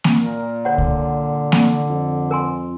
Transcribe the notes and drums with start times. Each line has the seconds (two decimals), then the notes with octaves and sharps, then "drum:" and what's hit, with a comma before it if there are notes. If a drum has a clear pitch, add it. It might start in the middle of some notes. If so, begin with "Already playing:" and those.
0.04 drum: snare A#3
0.20 A#2 A#4
0.65 D3 C#5 F#5
0.78 drum: kick C2
1.52 drum: snare A#3
1.89 F2
2.31 A#4 G#5 C6